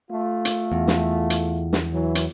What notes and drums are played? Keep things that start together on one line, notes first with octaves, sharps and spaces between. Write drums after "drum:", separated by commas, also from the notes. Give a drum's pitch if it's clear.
A3 F4
drum: hi-hat
E2
drum: snare
drum: hi-hat
drum: snare
E3 F#3
drum: hi-hat